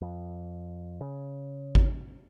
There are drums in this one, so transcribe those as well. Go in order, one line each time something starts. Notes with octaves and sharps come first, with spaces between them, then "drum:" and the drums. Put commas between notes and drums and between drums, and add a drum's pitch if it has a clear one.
F2
C#3
drum: kick G#1